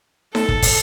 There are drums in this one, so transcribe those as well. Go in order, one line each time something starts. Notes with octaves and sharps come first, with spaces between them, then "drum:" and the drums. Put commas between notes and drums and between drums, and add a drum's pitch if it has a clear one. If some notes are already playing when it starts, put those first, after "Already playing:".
A4, drum: snare D#4
drum: kick
drum: kick, open hi-hat